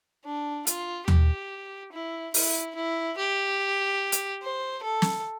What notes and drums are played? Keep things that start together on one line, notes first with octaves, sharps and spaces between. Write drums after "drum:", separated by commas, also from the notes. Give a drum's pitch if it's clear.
D4
F4, drum: hi-hat
G4, drum: tom D#2
E4
E4, drum: open hi-hat
E4
G4
drum: hi-hat
C5
A4
drum: snare